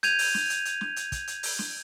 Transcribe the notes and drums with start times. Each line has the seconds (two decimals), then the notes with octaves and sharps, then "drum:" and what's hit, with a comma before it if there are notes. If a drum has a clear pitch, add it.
0.03 G6 G#6 D#7 F7, drum: hi-hat
0.19 drum: open hi-hat
0.34 drum: snare
0.50 drum: hi-hat
0.65 drum: hi-hat
0.81 drum: snare
0.96 drum: hi-hat
1.12 drum: kick, hi-hat
1.27 drum: hi-hat
1.43 drum: open hi-hat
1.59 drum: snare